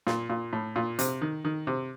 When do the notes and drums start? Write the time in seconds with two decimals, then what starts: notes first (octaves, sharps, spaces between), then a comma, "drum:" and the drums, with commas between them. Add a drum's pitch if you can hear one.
0.07 A#2, drum: snare
0.30 A#2
0.53 A2
0.76 A#2
0.99 C3, drum: hi-hat
1.22 D#3
1.45 D#3
1.67 C3